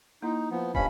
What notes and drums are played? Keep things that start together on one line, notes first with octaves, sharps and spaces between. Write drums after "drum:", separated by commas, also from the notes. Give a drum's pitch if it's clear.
A#3 D#4 E4
F3 B3
G2 C#4 C5 D#5 F5 B5, drum: kick